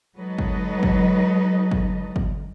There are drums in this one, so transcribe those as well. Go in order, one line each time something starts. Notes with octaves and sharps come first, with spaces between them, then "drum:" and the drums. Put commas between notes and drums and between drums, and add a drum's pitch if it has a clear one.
F#3 G#3 D#4 A4 B4 D#5
drum: kick
drum: kick
drum: kick
drum: kick